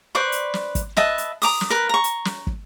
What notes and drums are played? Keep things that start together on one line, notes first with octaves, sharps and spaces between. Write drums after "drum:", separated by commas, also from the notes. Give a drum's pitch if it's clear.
B4 C5 D5 C#6
drum: hi-hat
drum: snare
drum: kick, hi-hat
B4 D#5 E5 A5, drum: snare
drum: hi-hat
A#5 D6 D#6, drum: open hi-hat
drum: snare
A#4 B4
A#5 C#6
drum: hi-hat
drum: snare
drum: kick